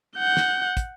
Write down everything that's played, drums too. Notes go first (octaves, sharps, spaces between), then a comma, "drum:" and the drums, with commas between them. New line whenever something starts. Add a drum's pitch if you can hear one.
F#5 G6
drum: snare
drum: kick, hi-hat